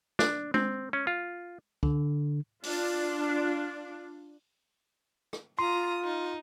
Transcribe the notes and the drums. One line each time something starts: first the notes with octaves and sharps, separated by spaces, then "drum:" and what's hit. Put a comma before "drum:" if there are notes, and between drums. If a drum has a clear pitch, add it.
D4, drum: snare
C4, drum: tom G#3
C#4
F4
D3, drum: kick
D4 F4, drum: open hi-hat
drum: rim click
F4 A#5 C6 D#6
D#4